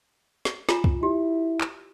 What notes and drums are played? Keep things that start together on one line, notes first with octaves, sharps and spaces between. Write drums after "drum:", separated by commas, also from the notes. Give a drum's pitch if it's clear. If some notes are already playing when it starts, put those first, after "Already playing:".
drum: snare
F4 G#5 A#5, drum: snare
drum: kick
E4 G4
drum: clap